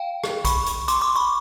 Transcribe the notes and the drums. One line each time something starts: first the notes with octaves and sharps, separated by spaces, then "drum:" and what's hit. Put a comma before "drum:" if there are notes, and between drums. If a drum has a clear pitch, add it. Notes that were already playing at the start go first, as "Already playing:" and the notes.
Already playing: F5 G5
drum: rim click
B5 C#6, drum: kick B1, hi-hat
drum: hi-hat
C6 D6, drum: hi-hat
C6 D6
B5 C#6